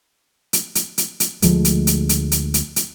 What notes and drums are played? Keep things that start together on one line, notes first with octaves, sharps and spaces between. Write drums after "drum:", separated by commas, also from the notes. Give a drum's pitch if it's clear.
drum: hi-hat
drum: hi-hat
drum: hi-hat
drum: hi-hat
D2 F3 G#3 A3, drum: hi-hat
drum: hi-hat
drum: hi-hat
drum: hi-hat
drum: hi-hat
drum: hi-hat
drum: hi-hat